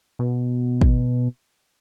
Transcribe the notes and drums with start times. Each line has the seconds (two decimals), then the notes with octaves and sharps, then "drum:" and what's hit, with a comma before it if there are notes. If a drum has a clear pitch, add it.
0.19 B2
0.81 drum: kick